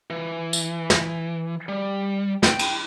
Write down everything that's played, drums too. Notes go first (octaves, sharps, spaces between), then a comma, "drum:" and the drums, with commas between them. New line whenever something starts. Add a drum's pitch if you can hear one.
E3
drum: tambourine
drum: snare
G3
G5, drum: snare
drum: cymbal